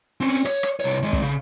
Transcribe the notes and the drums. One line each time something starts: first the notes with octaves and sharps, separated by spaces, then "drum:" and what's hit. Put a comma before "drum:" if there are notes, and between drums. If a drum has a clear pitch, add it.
C4 C#4
drum: open hi-hat
C#5, drum: rim click
drum: rim click
C2 C#5, drum: hi-hat
D#3 G#3
drum: kick, hi-hat
C#3